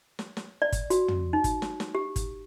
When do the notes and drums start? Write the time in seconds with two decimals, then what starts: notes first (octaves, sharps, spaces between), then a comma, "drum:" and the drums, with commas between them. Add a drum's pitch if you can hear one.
0.19 drum: snare
0.37 drum: snare
0.62 D5
0.72 drum: kick G1, hi-hat
0.90 F#4, drum: hi-hat
1.08 drum: tom
1.33 D#4
1.44 drum: kick G1, hi-hat
1.62 drum: snare
1.80 drum: snare
1.95 G4
2.16 drum: kick G1, hi-hat